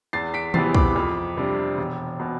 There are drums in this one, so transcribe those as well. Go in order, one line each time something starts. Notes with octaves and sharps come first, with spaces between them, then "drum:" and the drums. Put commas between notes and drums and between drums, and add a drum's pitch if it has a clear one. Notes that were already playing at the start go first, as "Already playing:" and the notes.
E2 A6 C7
B6 D7
C3 E3 B3 A6 C7, drum: tom
B5 D6, drum: kick
F2
C3 G3 D4
E1
B2